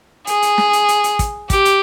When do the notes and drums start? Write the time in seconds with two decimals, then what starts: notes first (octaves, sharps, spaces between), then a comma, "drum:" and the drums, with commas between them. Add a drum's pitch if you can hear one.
0.27 G#4, drum: hi-hat
0.42 drum: hi-hat
0.58 drum: snare
0.73 drum: hi-hat
0.88 drum: hi-hat
1.04 drum: hi-hat
1.19 drum: kick, hi-hat
1.50 G4, drum: kick, hi-hat
1.65 drum: hi-hat